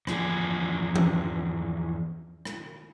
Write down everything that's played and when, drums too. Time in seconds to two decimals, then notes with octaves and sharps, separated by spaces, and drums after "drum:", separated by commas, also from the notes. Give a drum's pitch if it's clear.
0.07 E2 F3 G#4, drum: rim click
0.96 drum: tom E3
2.45 drum: rim click